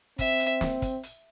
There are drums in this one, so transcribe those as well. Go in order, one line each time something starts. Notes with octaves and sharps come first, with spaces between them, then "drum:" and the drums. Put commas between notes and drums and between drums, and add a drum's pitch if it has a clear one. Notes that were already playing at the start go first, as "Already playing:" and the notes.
C4 E5, drum: kick, hi-hat
drum: hi-hat
drum: snare
drum: kick, hi-hat
drum: hi-hat